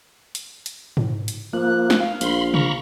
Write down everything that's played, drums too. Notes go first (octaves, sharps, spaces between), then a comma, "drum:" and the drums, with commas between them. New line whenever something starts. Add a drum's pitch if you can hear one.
drum: hi-hat
drum: hi-hat
drum: tom G#2
drum: hi-hat
F3 A#3 F#6
drum: snare
F5
A#1 B5 C6, drum: hi-hat
A#5 B5 C#6, drum: tom C3